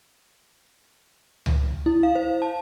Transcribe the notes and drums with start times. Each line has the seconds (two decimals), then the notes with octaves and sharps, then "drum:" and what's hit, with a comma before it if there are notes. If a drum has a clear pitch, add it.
1.46 drum: tom C#2
1.86 E4
2.03 F5
2.15 C5
2.42 A5